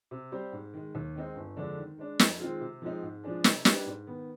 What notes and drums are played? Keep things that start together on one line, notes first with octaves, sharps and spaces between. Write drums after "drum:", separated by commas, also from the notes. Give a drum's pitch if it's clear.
C3
G3 C4 G4 C5
G#2
D#3 G#3
D#2
D#3 G#3 C4 D#4
G1
F2 D3 G#3 D4
D#3
G#3 D4
F2, drum: snare
D#3 G#3 C4 F4
C3
F3 G#3 C4 D#4
G#2
F3 G#3 D4 G#4
C3, drum: snare
G3 D4 G4 B4, drum: snare
G#2
D#3 B3